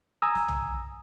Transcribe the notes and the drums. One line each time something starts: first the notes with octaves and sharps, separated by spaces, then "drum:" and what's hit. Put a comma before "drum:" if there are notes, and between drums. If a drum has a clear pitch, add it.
G#5 A#5 D#6 E6
drum: snare
drum: tom B1